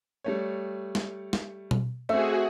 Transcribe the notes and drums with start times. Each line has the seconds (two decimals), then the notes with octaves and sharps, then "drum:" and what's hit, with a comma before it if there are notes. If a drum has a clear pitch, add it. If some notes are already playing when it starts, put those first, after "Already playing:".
0.24 G3 A3 C#5
0.95 drum: snare
1.33 drum: snare
1.71 drum: tom B2
2.09 A3 C4 F#4 G#4 E5